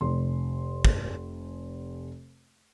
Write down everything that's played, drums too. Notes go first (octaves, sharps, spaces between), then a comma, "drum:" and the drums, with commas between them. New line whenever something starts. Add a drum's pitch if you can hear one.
F1 C6
drum: kick